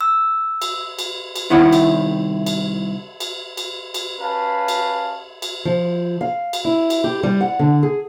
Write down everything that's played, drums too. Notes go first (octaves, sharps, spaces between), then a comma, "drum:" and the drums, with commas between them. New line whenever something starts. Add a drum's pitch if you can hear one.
E6
drum: cymbal
drum: cymbal
drum: cymbal
C2 D#3 E4 C#5 F#5
drum: cymbal
drum: cymbal
drum: cymbal
drum: cymbal
drum: cymbal
C#4 B4 F5 A5
drum: cymbal
drum: cymbal
F3
F5
drum: cymbal
E4
drum: cymbal
G4
G3
F#5
D3
G#4